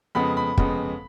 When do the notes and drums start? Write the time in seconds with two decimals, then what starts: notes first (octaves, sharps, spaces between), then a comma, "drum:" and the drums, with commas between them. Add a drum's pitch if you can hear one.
0.15 F2 C#3 G#3 B3 B5
0.37 B5
0.58 F2 C#3 G#3 B3, drum: kick